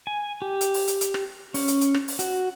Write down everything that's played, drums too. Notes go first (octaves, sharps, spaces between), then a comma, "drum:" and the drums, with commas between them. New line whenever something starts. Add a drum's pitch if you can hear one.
G#5
G4
drum: hi-hat
drum: open hi-hat
drum: hi-hat
drum: hi-hat
drum: rim click
C#4, drum: open hi-hat
drum: hi-hat
drum: hi-hat
drum: rim click
drum: open hi-hat
F#4, drum: hi-hat